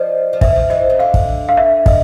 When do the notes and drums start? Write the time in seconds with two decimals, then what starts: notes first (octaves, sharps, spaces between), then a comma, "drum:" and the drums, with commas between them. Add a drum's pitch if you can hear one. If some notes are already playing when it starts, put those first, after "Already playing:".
Already playing: F3 D5 D#5
0.33 F3
0.41 E3 E5, drum: kick
0.55 F3
0.70 E3 D#5
0.90 C#3
0.99 D3 F5
1.14 drum: kick
1.49 F5
1.57 E5
1.86 D#5, drum: kick